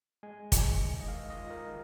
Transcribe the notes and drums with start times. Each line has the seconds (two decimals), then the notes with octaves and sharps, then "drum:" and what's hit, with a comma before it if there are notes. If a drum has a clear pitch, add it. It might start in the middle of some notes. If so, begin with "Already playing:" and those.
0.23 G#3 G#5
0.52 G#3, drum: kick, hi-hat
0.80 D#3
1.01 D#5
1.08 D#3 F5
1.30 D#5
1.37 F4
1.50 A#4
1.66 D#3